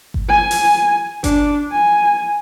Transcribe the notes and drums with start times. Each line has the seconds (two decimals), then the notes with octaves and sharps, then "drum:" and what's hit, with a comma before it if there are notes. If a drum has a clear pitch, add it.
0.14 drum: kick G1
0.28 G#5
0.51 drum: open hi-hat
1.24 D4, drum: kick G1, hi-hat
1.72 G#5